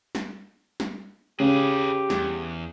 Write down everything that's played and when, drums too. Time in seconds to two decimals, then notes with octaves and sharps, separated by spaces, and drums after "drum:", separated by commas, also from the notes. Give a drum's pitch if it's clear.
0.15 drum: snare
0.80 drum: snare
1.40 C#3 G4 G#4 B4
2.10 E2, drum: snare